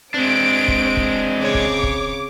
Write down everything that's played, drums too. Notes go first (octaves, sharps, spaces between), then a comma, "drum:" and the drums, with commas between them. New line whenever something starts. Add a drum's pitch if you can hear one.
G#3 C4 D4 D7
drum: kick
drum: kick
C#3 G#4 C#5 D6
drum: kick
drum: kick